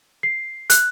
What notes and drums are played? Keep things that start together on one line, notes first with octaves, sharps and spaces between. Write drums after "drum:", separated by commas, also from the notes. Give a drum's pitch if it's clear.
C7
F#6, drum: hi-hat